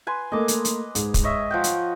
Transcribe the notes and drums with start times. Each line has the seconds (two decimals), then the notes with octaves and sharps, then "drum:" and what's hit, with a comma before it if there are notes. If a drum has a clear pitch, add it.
0.07 B4 G#5 C6
0.32 A3 A#3 D#5 D6
0.48 drum: hi-hat
0.65 drum: hi-hat
0.95 G#2, drum: hi-hat
1.14 drum: kick, hi-hat
1.23 C#5 D#5 E5
1.51 F3 F#5 G5
1.64 drum: hi-hat